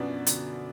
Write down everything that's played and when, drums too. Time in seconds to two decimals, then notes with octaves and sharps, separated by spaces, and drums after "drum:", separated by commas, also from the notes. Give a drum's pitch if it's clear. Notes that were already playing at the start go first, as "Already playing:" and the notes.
Already playing: F#2 B2 F3 B3 D4
0.27 D3, drum: hi-hat